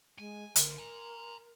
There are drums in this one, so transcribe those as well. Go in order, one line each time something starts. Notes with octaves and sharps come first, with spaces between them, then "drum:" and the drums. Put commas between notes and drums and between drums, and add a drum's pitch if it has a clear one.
G#3 G#5
D2 A#4, drum: hi-hat
G#5 A#5